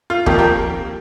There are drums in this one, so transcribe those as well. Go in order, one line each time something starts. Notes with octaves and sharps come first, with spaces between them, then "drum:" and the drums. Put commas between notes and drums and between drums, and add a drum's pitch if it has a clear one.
F4
F2 D#3 A#3 G4, drum: kick
G4 A#4